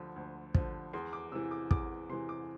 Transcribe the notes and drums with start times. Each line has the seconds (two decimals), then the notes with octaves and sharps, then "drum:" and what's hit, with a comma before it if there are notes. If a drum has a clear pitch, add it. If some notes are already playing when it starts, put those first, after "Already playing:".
Already playing: D2 D3 F3
0.16 D2
0.55 D3 F3, drum: kick
0.93 E2 C6
1.13 D6
1.32 C3 E3 E6
1.51 D6
1.71 E2 D6, drum: kick
2.09 C3 E3 C6
2.29 D6